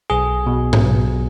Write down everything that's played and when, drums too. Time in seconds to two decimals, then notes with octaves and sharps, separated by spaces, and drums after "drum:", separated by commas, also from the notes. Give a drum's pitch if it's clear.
0.10 B1 G#4
0.46 B2
0.73 drum: tom G#2
0.84 B1